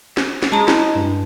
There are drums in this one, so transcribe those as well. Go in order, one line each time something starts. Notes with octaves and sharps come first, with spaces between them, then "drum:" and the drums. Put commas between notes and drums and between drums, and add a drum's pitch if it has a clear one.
drum: snare
drum: snare
G#3 G#4 A5 A#5
E4, drum: snare
G2